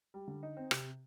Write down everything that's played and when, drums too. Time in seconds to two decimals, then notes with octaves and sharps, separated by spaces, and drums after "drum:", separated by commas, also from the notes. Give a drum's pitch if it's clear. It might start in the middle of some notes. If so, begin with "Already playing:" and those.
0.14 G3
0.28 D3
0.43 D#4
0.57 C4
0.71 C3, drum: rim click